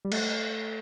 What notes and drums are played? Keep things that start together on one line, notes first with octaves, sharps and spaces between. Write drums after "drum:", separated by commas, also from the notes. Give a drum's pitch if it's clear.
G3
A3, drum: cymbal